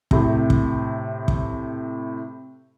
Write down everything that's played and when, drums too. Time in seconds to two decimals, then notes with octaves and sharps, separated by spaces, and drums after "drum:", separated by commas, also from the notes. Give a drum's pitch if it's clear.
0.11 A2 C3, drum: kick
0.50 drum: kick
1.28 drum: kick